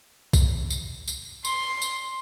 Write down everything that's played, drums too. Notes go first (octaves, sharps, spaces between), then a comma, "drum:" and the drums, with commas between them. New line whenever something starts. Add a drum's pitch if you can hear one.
drum: kick, tambourine
drum: tambourine
drum: tambourine
C6, drum: tambourine
drum: tambourine